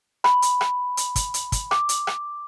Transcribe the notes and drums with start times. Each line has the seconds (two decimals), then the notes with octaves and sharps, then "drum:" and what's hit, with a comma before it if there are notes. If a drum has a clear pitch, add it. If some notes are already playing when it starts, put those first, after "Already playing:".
0.24 B5, drum: rim click
0.42 drum: hi-hat
0.61 drum: rim click
0.97 drum: hi-hat
1.16 drum: kick, hi-hat
1.34 drum: hi-hat
1.52 drum: kick, hi-hat
1.71 D6, drum: rim click
1.89 drum: hi-hat
2.07 drum: rim click